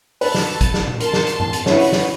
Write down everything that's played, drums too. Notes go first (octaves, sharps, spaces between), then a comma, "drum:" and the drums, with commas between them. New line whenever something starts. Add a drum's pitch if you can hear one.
A4 B4 A5, drum: open hi-hat
drum: snare
drum: kick, hi-hat
drum: snare
drum: tom A#2
A#4 A5 C6, drum: hi-hat
drum: snare
drum: hi-hat
drum: tom G2
drum: hi-hat
C#4 E4 F#4 B4, drum: snare
drum: open hi-hat
drum: snare